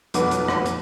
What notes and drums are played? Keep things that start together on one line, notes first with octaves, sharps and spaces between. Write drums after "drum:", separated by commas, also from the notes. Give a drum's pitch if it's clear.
B1 F2 B3 D6, drum: hi-hat
drum: hi-hat
drum: rim click
drum: hi-hat